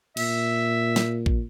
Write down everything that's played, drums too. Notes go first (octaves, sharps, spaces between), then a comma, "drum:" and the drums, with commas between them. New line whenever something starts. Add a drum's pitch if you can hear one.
A#2 E5, drum: cymbal
drum: snare
drum: kick A1